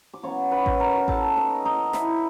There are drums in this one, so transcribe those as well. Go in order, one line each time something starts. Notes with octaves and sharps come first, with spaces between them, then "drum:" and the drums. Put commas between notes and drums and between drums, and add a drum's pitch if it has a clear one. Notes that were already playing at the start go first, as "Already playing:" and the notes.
D6
C#3 F#3 B3 C#5 C#6
B4 B5
drum: kick A1
A#4 A#5
A4 A5, drum: kick A1
D#4 D#5
D#4 D#5
E4 E5, drum: snare